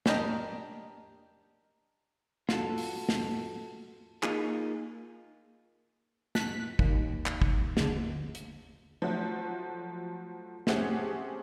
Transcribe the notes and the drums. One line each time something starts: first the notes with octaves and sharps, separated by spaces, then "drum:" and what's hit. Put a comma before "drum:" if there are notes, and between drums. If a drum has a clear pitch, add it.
D4 G4 A#4 D#5, drum: snare
F4 F#4 A4, drum: snare
drum: open hi-hat
drum: snare
A#3 D#4 F4 G#4, drum: clap
A5 F#6 B6, drum: snare
D#2, drum: kick
drum: clap
drum: kick
D3 G#4, drum: snare
drum: hi-hat
F3 F#3 A3 F#4
A3 C4 C#4 G4 G#4 F#5, drum: snare